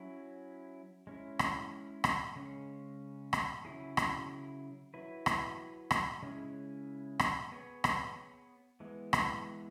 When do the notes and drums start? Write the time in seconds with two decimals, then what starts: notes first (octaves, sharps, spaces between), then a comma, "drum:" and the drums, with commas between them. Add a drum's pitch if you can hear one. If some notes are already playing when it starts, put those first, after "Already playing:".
Already playing: F#3 C#4 E4
1.07 G#3 C#4 E4
1.39 drum: rim click
2.04 drum: rim click
2.36 C#3 G#3 C#4
3.33 drum: rim click
3.65 C#3 F#3 E4 G#4
3.97 drum: rim click
4.94 F#3 E4 B4
5.26 drum: rim click
5.91 drum: rim click
6.23 C#3 G#3 C#4 E4 G#4
7.19 drum: rim click
7.52 B3 G#4 C#5
7.84 drum: rim click
8.80 E3 G#3 B3
9.13 drum: rim click